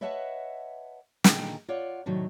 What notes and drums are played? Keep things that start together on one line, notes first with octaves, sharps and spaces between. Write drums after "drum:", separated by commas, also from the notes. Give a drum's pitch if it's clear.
B4 C#5 D#5 E5 F#5 A5
A#2 D3 D#3 G#4 G5 A#5, drum: snare
F4 C#5 D5 F#5
A2 C3 D#3 F#3